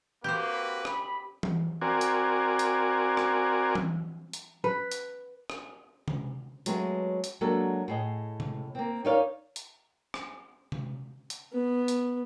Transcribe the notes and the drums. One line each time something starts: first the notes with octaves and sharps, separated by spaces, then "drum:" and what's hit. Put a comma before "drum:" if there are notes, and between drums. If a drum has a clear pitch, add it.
A#3 C4 F#4 G4 B4 C5
B5, drum: rim click
drum: tom E3
C4 F#4 A#4 D5 G#5
drum: hi-hat
drum: hi-hat
drum: rim click
drum: tom E3
drum: hi-hat
B4
drum: hi-hat
drum: rim click
drum: tom C3
F#3 G#3 A3 B3 C#4, drum: hi-hat
drum: hi-hat
F#3 G#3 A#3 D4 F#4 A4
A2 G#4 D#5
drum: tom C3
A#3 C4
D#4 A#4 C#5 D5 F5
drum: hi-hat
drum: rim click
drum: tom C3
drum: hi-hat
B3
drum: hi-hat